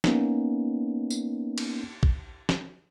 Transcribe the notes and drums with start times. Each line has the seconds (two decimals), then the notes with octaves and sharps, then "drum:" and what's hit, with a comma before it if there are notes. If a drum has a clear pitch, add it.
0.04 A#3 B3 C#4 D#4, drum: snare
1.10 drum: tambourine
1.58 drum: cymbal
2.03 drum: kick A#1
2.49 drum: snare